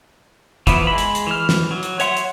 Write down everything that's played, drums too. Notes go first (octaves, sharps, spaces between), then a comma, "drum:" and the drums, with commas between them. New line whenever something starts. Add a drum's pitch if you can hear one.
E3 F3 B3 E4, drum: kick, hi-hat
G#3 B5
drum: hi-hat
drum: hi-hat
E3 F6
drum: snare
F#3
drum: hi-hat
C#5 E5 F#5 C6, drum: hi-hat
drum: hi-hat